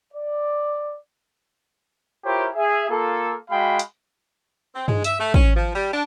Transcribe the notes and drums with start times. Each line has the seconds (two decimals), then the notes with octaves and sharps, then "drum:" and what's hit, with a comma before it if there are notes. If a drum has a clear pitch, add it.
0.13 D5
2.24 E4 F4 G4 A#4 C5 C#5
2.55 G#4 E5
2.89 A#3 F4 A4
3.50 G#3 F#4 F5 G5 B5
3.79 drum: hi-hat
4.75 C4
4.88 G#3, drum: tom G2
5.04 E5, drum: hi-hat
5.20 A3
5.34 C#4, drum: kick
5.55 F3
5.75 G3
5.92 D4